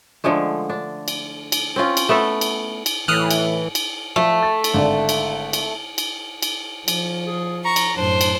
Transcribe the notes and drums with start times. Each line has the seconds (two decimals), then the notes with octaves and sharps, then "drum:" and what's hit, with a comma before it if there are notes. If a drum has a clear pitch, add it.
0.24 D3 F3 G#3 A3
0.70 D4
1.08 drum: cymbal
1.52 drum: cymbal
1.76 C4 C#4 F4
1.97 drum: cymbal
2.09 A3 B3 A4 E5
2.41 drum: cymbal
2.86 drum: cymbal
3.08 A2 E3 D#6 F6 F#6
3.31 drum: cymbal
3.75 drum: cymbal
4.16 F3 A3
4.43 A6
4.64 drum: cymbal
4.74 G#1 D3 D5
5.09 drum: cymbal
5.53 drum: cymbal
5.98 drum: cymbal
6.42 drum: cymbal
6.88 F3, drum: cymbal
7.27 G#4
7.65 A#5 C#6
7.76 drum: cymbal
7.97 F#2 A2 D4 C5
8.21 drum: cymbal